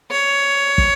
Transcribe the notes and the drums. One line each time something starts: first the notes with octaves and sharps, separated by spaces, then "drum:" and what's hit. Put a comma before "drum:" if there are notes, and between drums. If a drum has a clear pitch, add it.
C#5
drum: kick